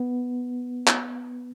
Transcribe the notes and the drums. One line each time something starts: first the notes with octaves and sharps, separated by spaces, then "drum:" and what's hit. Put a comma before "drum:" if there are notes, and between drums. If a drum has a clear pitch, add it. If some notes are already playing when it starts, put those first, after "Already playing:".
Already playing: B3
drum: clap